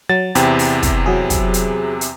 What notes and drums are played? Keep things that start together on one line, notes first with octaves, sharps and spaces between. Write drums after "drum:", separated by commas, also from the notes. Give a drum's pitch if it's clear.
F#3 A6
E2 C3 E4 G4, drum: hi-hat
drum: open hi-hat
drum: kick, hi-hat
F#3 G#4
drum: kick, hi-hat
drum: hi-hat
drum: hi-hat